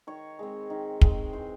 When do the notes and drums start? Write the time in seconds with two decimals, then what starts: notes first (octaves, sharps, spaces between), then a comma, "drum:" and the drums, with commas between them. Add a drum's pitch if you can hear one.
0.07 D#3 C#5
0.39 G#3 C4
0.70 D#3
1.01 G#3 C4, drum: kick
1.33 E3 C5